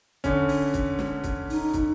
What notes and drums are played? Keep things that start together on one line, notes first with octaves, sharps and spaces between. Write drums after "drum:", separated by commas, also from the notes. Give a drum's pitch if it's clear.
D3 C#4, drum: kick, hi-hat
drum: open hi-hat
drum: kick, hi-hat
drum: snare
drum: kick, hi-hat
D#4, drum: open hi-hat
drum: kick, hi-hat